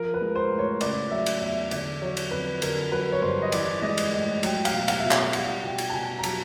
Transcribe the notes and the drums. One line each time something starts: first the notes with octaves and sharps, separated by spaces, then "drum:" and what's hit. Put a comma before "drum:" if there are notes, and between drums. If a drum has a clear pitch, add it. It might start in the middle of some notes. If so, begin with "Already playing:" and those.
Already playing: F3 A#4
B4
G#3
C5
A2
C#5
C#3 D5, drum: cymbal
F#3 E5
drum: cymbal
E2 E5
D3 D5, drum: cymbal
F#3 C#5
drum: cymbal
F2 B4
D3 A#4, drum: cymbal
F#3 B4
C#5
G2 C5
D#5
E3 D5, drum: cymbal
G#3 D#5
drum: cymbal
A2 D#5
F#3 G5, drum: cymbal
F5, drum: cymbal
B2
F5, drum: cymbal
B2 E5
F5, drum: clap
G3 F#5, drum: cymbal
B2 G5
drum: cymbal
A5
B2 G#5
A#5
F#3 A5, drum: cymbal